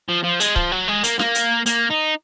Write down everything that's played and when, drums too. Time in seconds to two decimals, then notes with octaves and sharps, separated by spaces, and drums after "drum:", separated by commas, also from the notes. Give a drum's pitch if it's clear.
0.09 F3
0.24 F3
0.40 G#3, drum: hi-hat
0.56 F3, drum: kick C#1
0.72 F#3
0.88 G#3
1.04 A#3, drum: hi-hat
1.19 A#3, drum: snare
1.35 drum: hi-hat
1.66 A#3, drum: hi-hat
1.90 D#4